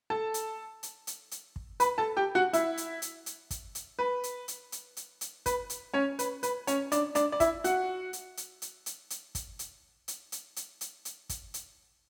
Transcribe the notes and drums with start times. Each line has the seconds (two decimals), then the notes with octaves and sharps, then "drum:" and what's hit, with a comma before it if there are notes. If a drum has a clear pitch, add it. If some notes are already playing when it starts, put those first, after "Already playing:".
0.10 A4 A5
0.34 drum: hi-hat
0.83 drum: hi-hat
1.07 drum: hi-hat
1.31 drum: hi-hat
1.56 drum: kick
1.80 B4 B5, drum: hi-hat
1.98 A4 A5
2.17 G4 G5
2.35 F#4 F#5
2.53 E4 E5, drum: hi-hat
2.77 drum: hi-hat
3.02 drum: hi-hat
3.26 drum: hi-hat
3.51 drum: kick, hi-hat
3.75 drum: hi-hat
3.99 B4
4.24 drum: hi-hat
4.48 drum: hi-hat
4.72 drum: hi-hat
4.97 drum: hi-hat
5.21 drum: hi-hat
5.46 B4, drum: kick, hi-hat
5.70 drum: hi-hat
5.94 C#4 C#5
6.19 B4, drum: hi-hat
6.43 B4, drum: hi-hat
6.67 C#4 C#5, drum: hi-hat
6.92 D4 D5, drum: hi-hat
7.15 D4 D5, drum: hi-hat
7.32 D5
7.40 E4 E5, drum: kick, hi-hat
7.64 F#4 F#5, drum: hi-hat
8.13 drum: hi-hat
8.37 drum: hi-hat
8.62 drum: hi-hat
8.86 drum: hi-hat
9.10 drum: hi-hat
9.35 drum: kick, hi-hat
9.59 drum: hi-hat
10.08 drum: hi-hat
10.32 drum: hi-hat
10.56 drum: hi-hat
10.81 drum: hi-hat
11.05 drum: hi-hat
11.29 drum: kick, hi-hat
11.54 drum: hi-hat